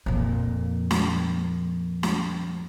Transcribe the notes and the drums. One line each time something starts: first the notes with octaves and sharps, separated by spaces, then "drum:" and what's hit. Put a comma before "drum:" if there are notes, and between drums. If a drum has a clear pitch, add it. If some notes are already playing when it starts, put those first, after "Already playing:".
F2 A#2
drum: snare
drum: snare